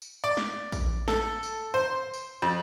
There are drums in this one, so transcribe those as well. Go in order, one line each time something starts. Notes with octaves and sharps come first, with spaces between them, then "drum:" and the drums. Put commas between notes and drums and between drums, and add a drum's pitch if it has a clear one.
drum: tambourine
D5
drum: snare
drum: kick, tambourine
A4, drum: snare
drum: tambourine
C5
drum: tambourine
F2